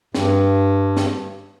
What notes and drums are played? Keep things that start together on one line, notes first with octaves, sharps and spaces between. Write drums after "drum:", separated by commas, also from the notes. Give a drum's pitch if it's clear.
G2, drum: snare
drum: snare